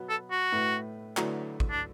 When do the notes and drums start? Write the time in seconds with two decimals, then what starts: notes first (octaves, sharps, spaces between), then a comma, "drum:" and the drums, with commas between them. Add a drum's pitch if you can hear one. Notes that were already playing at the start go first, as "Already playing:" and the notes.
Already playing: B2 F#3 B3
0.10 A4
0.31 F#4
0.52 A2 A3 E4 B4
1.17 D3 F#3 A3 E4 B4, drum: clap
1.60 drum: kick G#1
1.70 D4